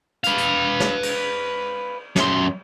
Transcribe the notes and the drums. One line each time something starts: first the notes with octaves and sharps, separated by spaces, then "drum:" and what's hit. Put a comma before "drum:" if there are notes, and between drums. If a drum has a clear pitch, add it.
B4 F5, drum: hi-hat
drum: hi-hat
drum: snare
drum: cymbal
F#2 C6, drum: snare